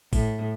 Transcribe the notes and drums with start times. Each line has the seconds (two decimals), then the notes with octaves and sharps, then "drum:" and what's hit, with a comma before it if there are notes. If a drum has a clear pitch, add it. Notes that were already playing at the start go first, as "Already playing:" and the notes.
0.13 A2, drum: kick, open hi-hat